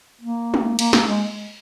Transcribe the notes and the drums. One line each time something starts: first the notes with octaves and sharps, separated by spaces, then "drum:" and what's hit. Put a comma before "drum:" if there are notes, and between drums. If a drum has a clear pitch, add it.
A#3
drum: tom
A#3, drum: cymbal
A#3, drum: snare
G#3